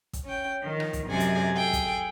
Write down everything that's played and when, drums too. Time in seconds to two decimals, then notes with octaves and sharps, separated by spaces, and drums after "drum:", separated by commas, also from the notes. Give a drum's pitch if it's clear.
0.13 drum: kick, hi-hat
0.25 C#4 G5
0.62 D#3 F3
0.80 drum: rim click
0.93 drum: kick, hi-hat
1.07 F#2 C3 G#3 G#4 D5 G#5
1.20 drum: hi-hat
1.55 G#4 A4 G5 G#5
1.73 drum: kick, hi-hat